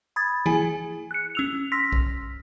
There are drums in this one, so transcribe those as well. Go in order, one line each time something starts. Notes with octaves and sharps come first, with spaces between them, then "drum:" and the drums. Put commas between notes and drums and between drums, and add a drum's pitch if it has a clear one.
B5 D#6 G#6 A6
E4 G#4 G#5, drum: tom
F#6 C#7
C#4 E6 F7
C6 E6 F6 A#6 B6
drum: kick